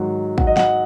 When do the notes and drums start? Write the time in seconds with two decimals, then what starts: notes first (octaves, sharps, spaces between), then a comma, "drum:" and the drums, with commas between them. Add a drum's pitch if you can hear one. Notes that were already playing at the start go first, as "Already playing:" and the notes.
Already playing: G#2 D#3 F#3 F#5
0.38 F#5, drum: kick
0.47 D#5
0.57 F#5, drum: snare